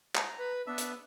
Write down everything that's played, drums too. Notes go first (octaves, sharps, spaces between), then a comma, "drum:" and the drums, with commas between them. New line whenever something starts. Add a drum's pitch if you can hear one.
A#5, drum: clap
B4
B3 D4 E5 E6
drum: hi-hat